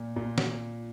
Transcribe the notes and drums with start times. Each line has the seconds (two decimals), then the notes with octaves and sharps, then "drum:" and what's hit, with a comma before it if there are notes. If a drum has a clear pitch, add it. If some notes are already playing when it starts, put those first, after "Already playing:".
Already playing: A#2
0.16 A#2
0.38 drum: snare